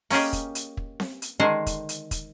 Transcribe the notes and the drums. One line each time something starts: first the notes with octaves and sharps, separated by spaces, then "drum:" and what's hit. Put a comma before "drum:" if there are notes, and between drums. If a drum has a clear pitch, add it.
A#3 C#4 G4 G#4 D#5, drum: open hi-hat
drum: kick, hi-hat
drum: hi-hat
drum: kick
drum: snare C4
drum: hi-hat
D3 D#3 G#3 D#4 G#4 C5
drum: kick, hi-hat
drum: hi-hat
drum: kick, hi-hat